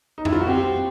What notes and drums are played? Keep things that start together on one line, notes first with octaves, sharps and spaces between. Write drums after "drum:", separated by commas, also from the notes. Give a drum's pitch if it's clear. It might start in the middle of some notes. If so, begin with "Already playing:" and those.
D#4
E4, drum: tom F2
F4
F#4
C4 G4